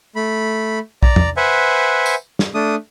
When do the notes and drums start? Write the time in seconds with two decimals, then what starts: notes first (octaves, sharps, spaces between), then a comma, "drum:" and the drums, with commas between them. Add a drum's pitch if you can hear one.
0.16 A3 B5
1.03 D5 A#5, drum: kick A#1
1.16 drum: tom E2
1.37 B4 C5 E5 F#5 G#5
2.06 drum: tambourine
2.39 drum: snare
2.54 A3 D4 D#6